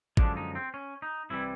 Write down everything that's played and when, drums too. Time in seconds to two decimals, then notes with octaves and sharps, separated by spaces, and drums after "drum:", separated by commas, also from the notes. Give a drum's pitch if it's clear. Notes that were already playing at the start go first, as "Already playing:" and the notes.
0.17 F#2 D3 F3 G#3 D4, drum: kick G#1
0.37 D#4
0.55 C4
0.74 C#4
1.02 D#4
1.30 C2 C3 E3 G3 E4